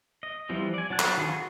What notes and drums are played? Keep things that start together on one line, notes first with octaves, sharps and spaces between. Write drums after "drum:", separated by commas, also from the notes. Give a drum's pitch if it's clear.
D#5
E3 F3 G3 C4
D5 G#5
F#3 D4 A5 F#6
drum: clap
D#3 F4 G#4
F#4